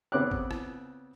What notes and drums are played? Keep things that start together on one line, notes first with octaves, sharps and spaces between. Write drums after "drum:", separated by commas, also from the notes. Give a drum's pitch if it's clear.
C#3 B3 C4 C#5 D6 F#6
drum: kick G#1
drum: rim click